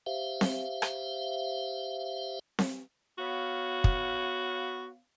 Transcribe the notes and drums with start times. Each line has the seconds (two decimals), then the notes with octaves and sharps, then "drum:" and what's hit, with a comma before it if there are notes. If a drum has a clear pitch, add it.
0.06 G4 C5 E5 F5
0.41 drum: snare C4
0.82 drum: rim click
2.59 drum: snare C4
3.18 B3 F#4 C#5 F5
3.84 drum: kick